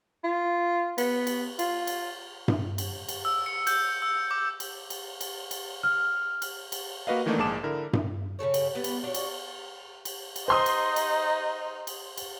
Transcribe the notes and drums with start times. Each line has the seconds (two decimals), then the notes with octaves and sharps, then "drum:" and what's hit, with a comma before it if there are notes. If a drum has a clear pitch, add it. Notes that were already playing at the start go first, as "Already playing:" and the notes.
0.24 F4
0.98 B3, drum: cymbal
1.27 drum: cymbal
1.59 F4, drum: cymbal
1.87 drum: cymbal
2.48 drum: tom G2
2.78 drum: cymbal
3.09 drum: cymbal
3.25 E6
3.46 C#7
3.67 G6, drum: cymbal
4.02 E6
4.31 D6
4.60 drum: cymbal
4.90 drum: cymbal
5.21 drum: cymbal
5.51 drum: cymbal
5.83 F6
6.42 drum: cymbal
6.72 drum: cymbal
7.07 A#3 F#4 B4 D#5 F5
7.26 D#3 E3 A3 A#3 D4 D#4
7.38 A#1 G#2 G#4 A5 D6 E7
7.63 D3 E4 A#4
7.93 drum: tom G2
8.39 C#3 G#4 A4 C#5
8.54 drum: cymbal
8.75 G3 B3
8.84 drum: cymbal
9.04 D4 F#4 C#5
9.14 drum: cymbal
10.05 drum: cymbal
10.36 drum: cymbal
10.48 D#4 C5 C6 D#6
10.66 drum: cymbal
10.96 drum: cymbal
11.87 drum: cymbal
12.17 drum: cymbal